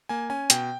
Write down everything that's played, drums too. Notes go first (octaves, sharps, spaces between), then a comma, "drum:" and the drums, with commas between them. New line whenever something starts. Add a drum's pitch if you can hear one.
A#3 G#5
C#4 G#5
B2 G5, drum: hi-hat